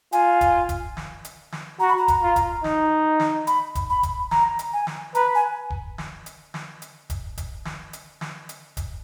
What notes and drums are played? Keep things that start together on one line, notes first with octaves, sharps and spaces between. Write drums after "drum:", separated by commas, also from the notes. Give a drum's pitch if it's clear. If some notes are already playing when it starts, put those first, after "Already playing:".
F4 G#5, drum: hi-hat
drum: kick, hi-hat
drum: kick, hi-hat
drum: snare
drum: hi-hat
drum: snare
F#4 A#5
B5
A#5
drum: kick, hi-hat
F4
drum: kick, hi-hat
D#4, drum: snare
drum: snare
B5, drum: hi-hat
drum: kick, hi-hat
B5
drum: kick, hi-hat
A#5, drum: snare
drum: hi-hat
G#5
drum: snare
B4 A#5, drum: hi-hat
G#5
drum: kick
drum: snare
drum: hi-hat
drum: snare
drum: hi-hat
drum: kick, hi-hat
drum: kick, hi-hat
drum: snare
drum: hi-hat
drum: snare
drum: hi-hat
drum: kick, hi-hat